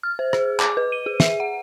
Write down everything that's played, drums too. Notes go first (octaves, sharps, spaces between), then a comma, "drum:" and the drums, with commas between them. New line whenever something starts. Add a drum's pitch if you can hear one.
F6
C5
G#4, drum: rim click
D6, drum: clap
B4
D#7
G#4
E5, drum: snare
F#5